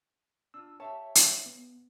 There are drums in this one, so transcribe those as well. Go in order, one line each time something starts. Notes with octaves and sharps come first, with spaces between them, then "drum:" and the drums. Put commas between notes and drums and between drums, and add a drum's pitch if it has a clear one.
D4 F4 E6
G4 C#5 E5 F5 A5
drum: hi-hat
B3